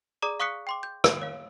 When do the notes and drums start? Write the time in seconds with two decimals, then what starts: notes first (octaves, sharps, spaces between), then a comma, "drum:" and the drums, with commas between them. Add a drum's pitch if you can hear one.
0.22 G#4 D5 A#5 D6 D#6 D#7
0.40 F5 C#6 D#6 F#6 B6 C#7
0.67 G5 C6 D6
0.83 G6
1.04 drum: rim click
1.22 C#5 F5